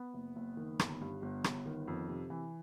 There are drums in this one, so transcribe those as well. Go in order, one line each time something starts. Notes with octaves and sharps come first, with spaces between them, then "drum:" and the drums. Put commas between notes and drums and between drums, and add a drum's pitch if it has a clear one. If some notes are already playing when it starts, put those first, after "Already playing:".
Already playing: B3
F#1
F#1
D#3
G1, drum: rim click
G2
G1
G1, drum: rim click
D#3
F2
C3
E3